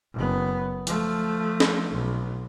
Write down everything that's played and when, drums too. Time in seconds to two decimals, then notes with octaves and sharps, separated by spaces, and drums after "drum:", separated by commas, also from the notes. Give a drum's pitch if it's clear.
0.15 F#1 B3
0.87 F3 A3, drum: hi-hat
1.60 drum: snare
1.91 B1